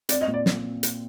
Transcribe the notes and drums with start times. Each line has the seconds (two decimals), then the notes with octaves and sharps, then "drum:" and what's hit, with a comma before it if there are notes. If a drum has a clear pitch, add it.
0.09 C4 D5, drum: hi-hat
0.21 D#5
0.27 A#2
0.34 D5
0.46 drum: snare
0.83 drum: hi-hat